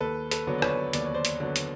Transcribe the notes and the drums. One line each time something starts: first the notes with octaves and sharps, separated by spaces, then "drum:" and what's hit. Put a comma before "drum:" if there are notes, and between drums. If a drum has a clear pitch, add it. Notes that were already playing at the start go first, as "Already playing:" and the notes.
D#2 A4 B4
A4 B4, drum: hi-hat
D3 F#3 B3
D5
B4 C#5, drum: rim click
D#2 D5, drum: hi-hat
C#5
C5 D5
drum: hi-hat
D3 F#3 B3
drum: hi-hat